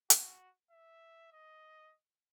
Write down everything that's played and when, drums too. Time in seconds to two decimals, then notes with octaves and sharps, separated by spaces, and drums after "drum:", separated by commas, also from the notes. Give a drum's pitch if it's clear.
0.10 F#4, drum: hi-hat
0.71 E5
1.32 D#5